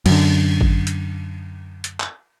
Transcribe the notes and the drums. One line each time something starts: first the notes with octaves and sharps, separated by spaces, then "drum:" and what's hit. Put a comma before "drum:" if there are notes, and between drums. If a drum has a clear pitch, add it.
F#2 D3, drum: cymbal
drum: kick G#1
drum: hi-hat
drum: hi-hat
drum: clap